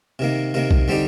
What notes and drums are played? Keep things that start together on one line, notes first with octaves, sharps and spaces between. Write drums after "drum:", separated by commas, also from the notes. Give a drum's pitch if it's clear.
C3 D#3 A#3
C3 D#3 A#3
drum: kick B1
D3 G3 C4 D#4 G4